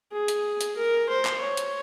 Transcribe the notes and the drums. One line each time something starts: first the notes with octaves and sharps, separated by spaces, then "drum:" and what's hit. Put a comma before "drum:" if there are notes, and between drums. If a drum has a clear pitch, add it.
G#4
drum: hi-hat
drum: hi-hat
A#4
C5
drum: clap
C#5
drum: hi-hat